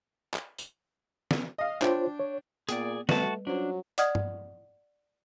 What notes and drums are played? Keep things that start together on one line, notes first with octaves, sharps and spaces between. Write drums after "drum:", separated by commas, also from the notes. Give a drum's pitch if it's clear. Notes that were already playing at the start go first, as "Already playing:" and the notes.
drum: clap
drum: tambourine
drum: snare
D#5 F5
D4 F4 C5 C#5 G5, drum: clap
C#5
A#2 A#3 B3 G#4 D5, drum: hi-hat
G3 A3 F#4 B4 A5, drum: snare
F#3 C#4 D4 F4 C5
D5 D#5 F#5 D#6 F6 G#6, drum: hi-hat
drum: tom G2